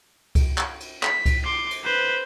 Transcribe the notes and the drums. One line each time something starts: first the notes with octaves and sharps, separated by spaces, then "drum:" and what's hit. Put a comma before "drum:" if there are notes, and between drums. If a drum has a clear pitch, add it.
drum: kick C2, cymbal
drum: clap
drum: cymbal
B6, drum: clap
drum: kick C2, cymbal
C6 D6
drum: cymbal
B4 C5